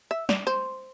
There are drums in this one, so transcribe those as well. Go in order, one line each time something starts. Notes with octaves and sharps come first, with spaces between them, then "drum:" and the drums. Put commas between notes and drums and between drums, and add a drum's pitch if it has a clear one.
E5
D5, drum: snare
C5